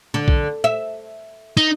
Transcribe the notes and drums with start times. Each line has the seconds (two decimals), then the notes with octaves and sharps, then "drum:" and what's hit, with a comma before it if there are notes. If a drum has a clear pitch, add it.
0.14 D3
0.28 drum: kick B1
0.64 E5
1.57 D#4, drum: hi-hat